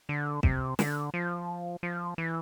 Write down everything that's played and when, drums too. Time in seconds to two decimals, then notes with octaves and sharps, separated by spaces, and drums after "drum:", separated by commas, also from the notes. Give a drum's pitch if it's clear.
0.09 D3
0.43 C3, drum: kick
0.79 D3, drum: snare
1.14 F3
1.83 F3
2.18 E3